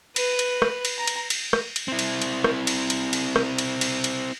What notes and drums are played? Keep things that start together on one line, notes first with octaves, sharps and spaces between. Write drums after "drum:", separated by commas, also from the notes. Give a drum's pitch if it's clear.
B4, drum: cymbal
drum: cymbal
drum: rim click
drum: cymbal
A#5
drum: cymbal
drum: cymbal
drum: rim click
drum: cymbal
C4 E4
drum: cymbal
drum: cymbal
drum: rim click
drum: cymbal
drum: cymbal
drum: cymbal
drum: rim click
drum: cymbal
drum: cymbal
drum: cymbal